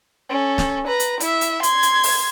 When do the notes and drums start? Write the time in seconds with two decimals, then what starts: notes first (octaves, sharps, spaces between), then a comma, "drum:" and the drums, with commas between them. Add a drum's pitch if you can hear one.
0.29 C#4 A4
0.58 drum: snare
0.87 B4 A#5
1.00 drum: hi-hat
1.20 E4 E5, drum: hi-hat
1.41 drum: hi-hat
1.63 C6 G#6, drum: hi-hat
1.83 drum: hi-hat
2.03 drum: open hi-hat